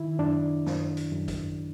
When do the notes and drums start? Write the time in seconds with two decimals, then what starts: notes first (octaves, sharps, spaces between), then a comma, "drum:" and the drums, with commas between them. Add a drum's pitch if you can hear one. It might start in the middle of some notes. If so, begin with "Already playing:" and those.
Already playing: D#3 E4
0.19 F#2 D4
0.66 F#2, drum: snare
0.97 drum: hi-hat
1.12 F#2
1.28 drum: kick, hi-hat